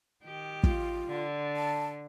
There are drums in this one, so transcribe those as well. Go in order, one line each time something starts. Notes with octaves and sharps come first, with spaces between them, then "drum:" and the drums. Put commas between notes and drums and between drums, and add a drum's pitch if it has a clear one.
D#3 G4
F4, drum: kick
D3
A5